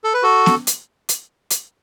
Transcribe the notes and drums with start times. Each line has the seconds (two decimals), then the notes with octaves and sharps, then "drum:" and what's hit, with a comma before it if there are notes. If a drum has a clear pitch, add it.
0.04 A4
0.14 B4
0.23 F#4 A4
0.46 drum: snare B3
0.67 drum: hi-hat
1.09 drum: hi-hat
1.51 drum: hi-hat